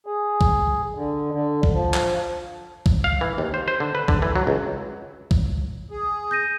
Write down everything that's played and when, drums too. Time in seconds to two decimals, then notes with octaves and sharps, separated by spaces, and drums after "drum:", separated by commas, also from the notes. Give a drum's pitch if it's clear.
0.06 G#4
0.41 drum: kick
0.95 D3
1.32 D3
1.63 drum: kick
1.73 F3
1.94 drum: clap
2.86 drum: kick
3.04 F5
3.21 E3
3.38 D#2
3.54 C5
3.68 C5
3.80 D3
3.95 B4
4.08 D3, drum: kick
4.22 E3
4.36 F#3
4.47 C#2
5.31 drum: kick
5.91 G#4
6.31 G6 A#6 D#7